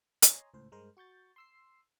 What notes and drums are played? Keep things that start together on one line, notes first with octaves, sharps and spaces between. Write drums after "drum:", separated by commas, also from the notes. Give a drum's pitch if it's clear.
C#5 D#5 G#5 A#5 C6, drum: hi-hat
C#2 A2 C5
G2 G#3 A#4 C5
F#4 C#6 G6 A6
C6 E6 C7